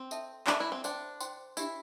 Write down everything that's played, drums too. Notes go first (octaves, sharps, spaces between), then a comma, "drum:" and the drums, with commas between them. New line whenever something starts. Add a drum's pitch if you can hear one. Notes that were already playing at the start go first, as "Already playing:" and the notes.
Already playing: C4
A4 E5 A5, drum: tambourine
D4 A4 E5 A5, drum: clap
E4
C4
D4 C5 G5 C6, drum: tambourine
C5 G5 C6, drum: tambourine
D4 E4 G4 E5, drum: tambourine